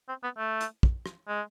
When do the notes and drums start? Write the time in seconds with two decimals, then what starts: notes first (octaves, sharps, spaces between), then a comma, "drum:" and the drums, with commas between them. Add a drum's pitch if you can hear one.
0.09 C4
0.24 B3
0.38 A3
0.61 drum: hi-hat
0.83 drum: kick
1.06 drum: rim click
1.28 G#3